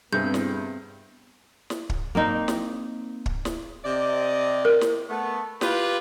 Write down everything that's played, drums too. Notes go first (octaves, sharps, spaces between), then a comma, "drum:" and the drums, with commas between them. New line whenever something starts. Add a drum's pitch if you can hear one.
G2 C3 B3 C4 G#4 A4 B4 G6
drum: snare
drum: snare
drum: kick
A#3 C4 D#4
drum: snare
drum: kick
drum: snare
C3 D5 D#5
A#4
drum: snare
A3 B3
F4 G4 B4, drum: snare